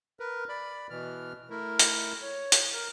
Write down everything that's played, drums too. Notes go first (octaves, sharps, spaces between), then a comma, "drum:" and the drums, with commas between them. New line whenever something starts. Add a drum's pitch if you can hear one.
A#4 B4
D5 B5
B2 E3 F6
A3 E4 A#4
drum: hi-hat
C#5
drum: hi-hat
A#4